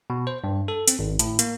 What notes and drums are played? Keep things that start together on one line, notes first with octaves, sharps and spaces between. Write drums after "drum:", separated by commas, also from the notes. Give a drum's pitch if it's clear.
B2
C5
G2
A4
C4, drum: hi-hat
G#1
A2, drum: hi-hat
A#3, drum: hi-hat